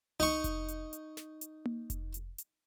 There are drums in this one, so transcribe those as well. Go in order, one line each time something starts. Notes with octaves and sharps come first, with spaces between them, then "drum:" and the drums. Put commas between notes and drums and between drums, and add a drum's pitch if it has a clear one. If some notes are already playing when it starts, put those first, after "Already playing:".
D#4 C#6, drum: tom C#2
drum: kick F1, hi-hat
drum: hi-hat
drum: hi-hat
drum: snare
drum: hi-hat
drum: tom A#3
drum: kick F1, hi-hat
drum: hi-hat
drum: hi-hat